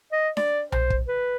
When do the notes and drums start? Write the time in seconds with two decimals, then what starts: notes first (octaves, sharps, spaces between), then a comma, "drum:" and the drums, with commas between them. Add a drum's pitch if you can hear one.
0.12 D#5
0.37 D5, drum: snare D4
0.72 C5, drum: tom B1
0.90 drum: kick
1.08 B4